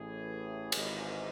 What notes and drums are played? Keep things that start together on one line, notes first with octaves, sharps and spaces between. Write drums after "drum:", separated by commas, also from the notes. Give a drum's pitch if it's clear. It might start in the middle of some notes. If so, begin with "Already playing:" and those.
Already playing: A1 A2 E3 G#4
G#1 G#2 E3, drum: cymbal